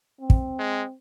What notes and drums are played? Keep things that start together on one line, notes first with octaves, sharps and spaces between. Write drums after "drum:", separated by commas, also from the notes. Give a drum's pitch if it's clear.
C4
drum: kick
G#3